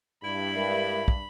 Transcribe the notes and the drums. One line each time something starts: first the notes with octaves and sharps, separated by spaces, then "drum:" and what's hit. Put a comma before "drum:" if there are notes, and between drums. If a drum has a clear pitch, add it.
G2 E4 B5
G#3 A#4 E5
drum: kick